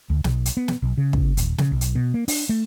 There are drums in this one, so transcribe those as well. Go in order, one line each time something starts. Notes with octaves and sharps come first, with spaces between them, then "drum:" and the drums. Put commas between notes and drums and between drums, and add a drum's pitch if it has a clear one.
D2
B1, drum: snare
drum: hi-hat
B3
drum: snare
B1
C#3
drum: kick
D#1, drum: hi-hat
C#3, drum: snare
B1
drum: hi-hat
B2
A#3
D4, drum: open hi-hat
A3